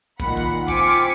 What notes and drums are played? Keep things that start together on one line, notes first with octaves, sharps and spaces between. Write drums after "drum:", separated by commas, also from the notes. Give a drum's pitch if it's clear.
A#2 D#3 F#5 B5, drum: kick
drum: kick
C4 F4 G#5 D6 B6 C#7, drum: kick